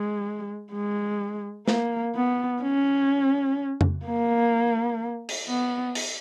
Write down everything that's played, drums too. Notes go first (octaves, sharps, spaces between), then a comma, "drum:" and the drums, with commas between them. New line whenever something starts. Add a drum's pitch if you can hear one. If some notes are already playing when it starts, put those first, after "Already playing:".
Already playing: G#3
G#3
A#3, drum: snare A3
B3
C#4
drum: tom F2
A#3
drum: cymbal
B3
drum: cymbal